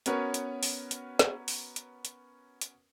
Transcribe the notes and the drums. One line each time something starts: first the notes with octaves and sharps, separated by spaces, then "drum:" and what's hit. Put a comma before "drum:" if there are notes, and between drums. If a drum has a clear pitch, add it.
B3 C#4 F#4 A#4 B4 C#5, drum: hi-hat
drum: hi-hat
drum: open hi-hat
drum: hi-hat
drum: snare
drum: open hi-hat
drum: hi-hat
drum: hi-hat
drum: hi-hat